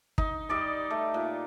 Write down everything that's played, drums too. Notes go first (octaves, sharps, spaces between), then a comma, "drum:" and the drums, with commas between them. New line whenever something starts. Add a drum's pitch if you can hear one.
D#4, drum: kick
G3 D#4 D5 D#5
A3
A#2